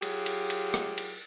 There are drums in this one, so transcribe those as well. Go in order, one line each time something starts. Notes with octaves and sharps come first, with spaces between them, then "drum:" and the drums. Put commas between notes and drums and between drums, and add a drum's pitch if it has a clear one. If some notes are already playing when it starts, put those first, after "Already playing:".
F#3 F4 G4 G#4, drum: cymbal
drum: cymbal
drum: cymbal
drum: rim click
drum: cymbal